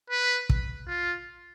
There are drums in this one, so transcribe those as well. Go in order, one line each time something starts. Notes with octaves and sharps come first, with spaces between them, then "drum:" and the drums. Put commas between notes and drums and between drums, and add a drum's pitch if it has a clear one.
B4
drum: kick
F4